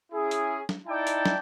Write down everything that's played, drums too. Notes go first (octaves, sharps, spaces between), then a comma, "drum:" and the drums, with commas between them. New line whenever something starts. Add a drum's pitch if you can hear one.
C#4 E4 G#4
drum: hi-hat
drum: snare
D#4 E4 D5 G5 A5
drum: hi-hat
drum: snare